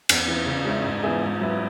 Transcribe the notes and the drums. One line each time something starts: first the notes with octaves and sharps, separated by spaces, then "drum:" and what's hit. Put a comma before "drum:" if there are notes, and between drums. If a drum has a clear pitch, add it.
E2, drum: cymbal
E3 B3
C#3
G#3 C#4 E4
G#2
E3 B3 G#4 E5
G#2
F#3 E4 B4